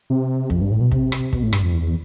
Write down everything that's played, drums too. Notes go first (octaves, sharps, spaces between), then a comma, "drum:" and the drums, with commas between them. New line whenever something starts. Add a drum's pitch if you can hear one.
C3
F2, drum: kick
G2
A2
B2
C3, drum: kick
drum: rim click
B2, drum: kick
A2
G2, drum: rim click
F2
E2